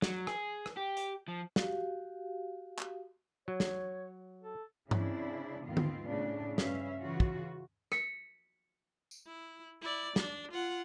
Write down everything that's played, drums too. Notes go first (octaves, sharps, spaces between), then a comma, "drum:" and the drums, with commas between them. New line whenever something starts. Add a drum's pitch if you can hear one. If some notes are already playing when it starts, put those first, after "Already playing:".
F#3, drum: snare
G#4, drum: rim click
drum: rim click
G4
drum: hi-hat
F3
F#4 G4 F5, drum: snare
drum: clap
F#3 C#5
drum: snare
A4
C#3 C4 D4 E4, drum: tom G2
D#2 G#2 D#3 B3 C4 F4
drum: tom D3
A2 C#3 D4
G2 C#4 B4 E5 F5, drum: snare
C#3 E3 F4 F#4
drum: kick
B6 C#7, drum: rim click
drum: tambourine
E4
E4 D5
D4, drum: snare
F4 F#5